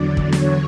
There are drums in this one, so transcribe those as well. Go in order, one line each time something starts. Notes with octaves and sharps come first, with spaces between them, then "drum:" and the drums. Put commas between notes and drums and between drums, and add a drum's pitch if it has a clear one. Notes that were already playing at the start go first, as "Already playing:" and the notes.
Already playing: E2 D3 F#3 D5
drum: kick
C#5, drum: snare